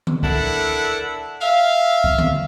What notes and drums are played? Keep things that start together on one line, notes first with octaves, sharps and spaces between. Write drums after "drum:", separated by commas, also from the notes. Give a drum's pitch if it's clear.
drum: tom D3
D4 E4 A4 A#4 F#5, drum: kick C#2
E5 F5
drum: kick C#2
drum: tom D3